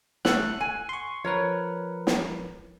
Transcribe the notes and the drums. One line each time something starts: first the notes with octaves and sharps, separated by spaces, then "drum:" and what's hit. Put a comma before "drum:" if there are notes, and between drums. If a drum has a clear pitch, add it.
A3 F#5 F#6, drum: snare
G#5
C6 C#6
F3 A#4 B4 C#5
drum: snare